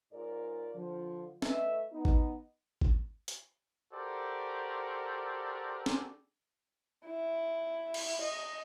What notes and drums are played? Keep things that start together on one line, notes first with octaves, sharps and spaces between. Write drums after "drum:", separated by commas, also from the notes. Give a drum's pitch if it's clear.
G#2 F4 A#4 C#5 D5
D3 F3
A3 B4 D#5 E5, drum: snare
B3 D#4
drum: kick G#1
drum: kick G#1
drum: hi-hat
F#4 G4 A4 A#4 C5 D5
drum: snare
E4
drum: cymbal
D#5